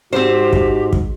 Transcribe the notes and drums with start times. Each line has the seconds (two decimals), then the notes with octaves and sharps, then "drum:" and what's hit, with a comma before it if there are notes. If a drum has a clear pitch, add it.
0.13 G#2 C4 F#4 G4 C5
0.53 drum: kick
0.93 drum: kick